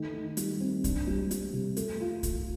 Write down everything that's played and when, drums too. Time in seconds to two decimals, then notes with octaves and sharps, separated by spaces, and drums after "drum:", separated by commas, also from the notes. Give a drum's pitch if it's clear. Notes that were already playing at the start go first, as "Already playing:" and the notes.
Already playing: D#3 A3
0.14 D#3
0.37 G3, drum: hi-hat
0.60 C4
0.84 D4, drum: kick, hi-hat
1.07 G3
1.31 G3, drum: hi-hat
1.54 C3
1.77 A3, drum: hi-hat
2.01 F4
2.23 F4, drum: kick, hi-hat